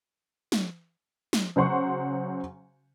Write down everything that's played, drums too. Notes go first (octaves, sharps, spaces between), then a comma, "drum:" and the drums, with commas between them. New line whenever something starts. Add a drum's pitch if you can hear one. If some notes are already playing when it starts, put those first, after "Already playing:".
drum: snare
drum: snare
C#3 F#3 C5 F#5 C6 C#6